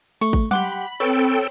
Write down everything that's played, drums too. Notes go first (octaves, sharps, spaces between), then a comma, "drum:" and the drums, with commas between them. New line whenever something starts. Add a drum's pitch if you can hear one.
A3 C#6
drum: kick
G4 F#5 B5 C6 D6, drum: tom F#3
C4 A4 B4 C#5 G5